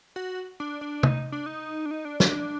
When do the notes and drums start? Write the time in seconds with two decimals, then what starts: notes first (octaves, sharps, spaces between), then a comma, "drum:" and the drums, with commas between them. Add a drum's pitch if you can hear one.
0.16 F#4
0.60 D4
0.81 D4
1.03 D#4, drum: tom C3
1.32 D4
1.46 D#4
1.86 D4
1.91 D#4
2.05 D4
2.20 D4, drum: snare